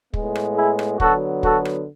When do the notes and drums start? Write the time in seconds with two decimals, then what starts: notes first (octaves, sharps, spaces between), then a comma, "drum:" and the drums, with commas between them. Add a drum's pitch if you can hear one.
0.14 A2 G#3 B3, drum: kick
0.35 drum: rim click
0.57 E4 G#4
0.79 drum: rim click
1.00 D3 F#3 B3 F#4 A4, drum: kick
1.43 F#4 A4, drum: kick
1.65 drum: rim click